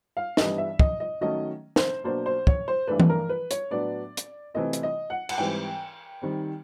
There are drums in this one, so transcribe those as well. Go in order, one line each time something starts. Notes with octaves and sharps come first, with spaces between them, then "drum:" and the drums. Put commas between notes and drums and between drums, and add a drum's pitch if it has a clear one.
F5
G2 E3 G3 B3 D4 D#5, drum: snare
E5
D#5, drum: kick
D#5
D#3 F#3 A3 C#4 D#5
C5, drum: snare
B2 F#3 A#3 D4 C5
C5
C#5, drum: kick
C5
G2 E3 A3 D4 B4
drum: tom E3
A#4
B4
C#5, drum: hi-hat
A2 F#3 B3 D4 D5
drum: hi-hat
C3 E3 A3 C4 D#5
drum: hi-hat
D#5
F#5
F#5, drum: cymbal
G#2 E3 G3 C4 G5
D#3 G3 C4